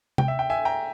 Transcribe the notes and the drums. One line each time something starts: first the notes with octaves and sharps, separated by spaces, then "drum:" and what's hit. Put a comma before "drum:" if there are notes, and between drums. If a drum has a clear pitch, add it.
G5, drum: tom C3
E5
G5
E5 G#5
G5 A#5